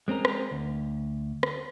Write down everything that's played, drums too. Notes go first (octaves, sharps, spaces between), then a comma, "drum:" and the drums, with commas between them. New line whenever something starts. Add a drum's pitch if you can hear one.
G#3 C4 C#4 A#4
drum: rim click
D2
drum: rim click